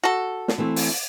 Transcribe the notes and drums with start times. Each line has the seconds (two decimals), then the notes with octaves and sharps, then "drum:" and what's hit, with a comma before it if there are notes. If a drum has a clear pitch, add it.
0.04 F#4 A4
0.48 drum: snare
0.58 E3 A3 C4
0.76 drum: open hi-hat